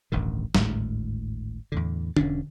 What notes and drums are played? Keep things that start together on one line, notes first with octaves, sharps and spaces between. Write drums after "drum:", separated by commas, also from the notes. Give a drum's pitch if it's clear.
D1 A1 G2 D#3
G#1 D2 A2 G#3, drum: snare
E2 A2 D3
E1 C#4 D4, drum: tom D3